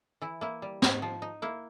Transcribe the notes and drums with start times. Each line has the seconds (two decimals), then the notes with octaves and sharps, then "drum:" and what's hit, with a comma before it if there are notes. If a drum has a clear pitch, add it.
0.22 E3 E4
0.41 A#3 E4
0.62 G3
0.82 D#4, drum: snare
1.02 F3
1.22 D#4
1.42 A#3 E4